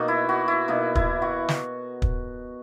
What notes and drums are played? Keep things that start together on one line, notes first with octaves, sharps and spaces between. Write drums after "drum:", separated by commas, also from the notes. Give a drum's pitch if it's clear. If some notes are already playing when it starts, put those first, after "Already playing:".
Already playing: B2 A#3 D#4 F#4
E4
F#4
E4
B2 A#3 D#4 E4
E4, drum: kick
F#4
drum: snare
drum: kick